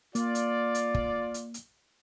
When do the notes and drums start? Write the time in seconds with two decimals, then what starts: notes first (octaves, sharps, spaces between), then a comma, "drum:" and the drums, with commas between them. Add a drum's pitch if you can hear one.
0.15 A#3 F4 D5, drum: hi-hat
0.35 drum: hi-hat
0.75 drum: hi-hat
0.94 drum: kick
1.34 drum: hi-hat
1.54 drum: hi-hat